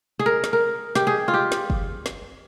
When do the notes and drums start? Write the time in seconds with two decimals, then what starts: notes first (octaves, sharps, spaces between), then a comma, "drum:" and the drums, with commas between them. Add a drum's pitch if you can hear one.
0.19 G#4
0.26 A#4
0.44 drum: snare
0.53 A#4
0.95 G4, drum: snare
1.07 G#4
1.28 F4
1.34 G4
1.52 drum: snare
1.70 drum: kick F#1
2.06 drum: snare